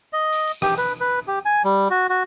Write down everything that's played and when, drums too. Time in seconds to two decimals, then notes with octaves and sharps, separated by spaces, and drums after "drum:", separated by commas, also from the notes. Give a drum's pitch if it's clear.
0.13 D#5
0.33 drum: tambourine
0.48 drum: tambourine
0.62 G4, drum: rim click
0.78 B4, drum: tambourine
1.00 B4
1.28 G4
1.45 G#5
1.64 G3
1.90 F#4
2.09 F#4